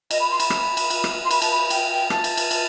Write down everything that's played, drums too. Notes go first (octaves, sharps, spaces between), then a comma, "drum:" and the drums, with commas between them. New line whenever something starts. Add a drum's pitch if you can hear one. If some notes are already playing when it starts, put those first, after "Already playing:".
D#5, drum: cymbal
B5
C6
B5, drum: cymbal
drum: rim click
drum: cymbal
drum: cymbal
drum: rim click
C6
B5, drum: cymbal
A5, drum: cymbal
B5
G5, drum: cymbal
G5
A5, drum: rim click
drum: cymbal
drum: cymbal
drum: cymbal